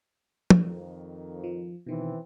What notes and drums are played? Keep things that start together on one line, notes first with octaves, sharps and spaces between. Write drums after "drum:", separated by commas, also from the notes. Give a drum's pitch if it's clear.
drum: tom
F2 D#3
F3
B2 D#3 E3 C4